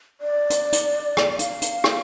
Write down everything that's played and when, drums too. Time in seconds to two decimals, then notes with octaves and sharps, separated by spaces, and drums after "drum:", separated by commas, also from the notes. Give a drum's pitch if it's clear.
0.21 D5
0.50 drum: hi-hat
0.72 drum: hi-hat
1.17 drum: rim click
1.39 F5, drum: hi-hat
1.62 drum: hi-hat
1.84 drum: rim click